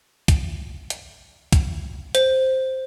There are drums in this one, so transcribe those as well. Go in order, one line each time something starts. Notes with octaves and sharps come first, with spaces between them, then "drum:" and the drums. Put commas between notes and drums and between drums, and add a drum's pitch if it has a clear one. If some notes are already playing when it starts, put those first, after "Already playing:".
drum: kick C2, hi-hat
drum: hi-hat
drum: kick C2, hi-hat
C5, drum: hi-hat